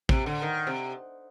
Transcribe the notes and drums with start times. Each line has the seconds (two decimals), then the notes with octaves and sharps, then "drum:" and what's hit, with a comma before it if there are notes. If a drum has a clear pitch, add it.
0.09 C3, drum: kick
0.26 D3
0.42 D#3
0.67 C3